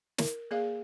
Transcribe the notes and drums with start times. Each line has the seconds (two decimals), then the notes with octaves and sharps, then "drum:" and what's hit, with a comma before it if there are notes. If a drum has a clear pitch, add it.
0.18 A#4, drum: snare
0.51 A#3 G#4 D5 F5